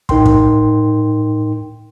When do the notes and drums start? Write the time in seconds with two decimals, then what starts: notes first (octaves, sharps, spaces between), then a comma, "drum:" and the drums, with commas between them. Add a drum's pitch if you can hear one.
0.09 A2 D#4 A#4 G5 C6, drum: kick
0.26 drum: kick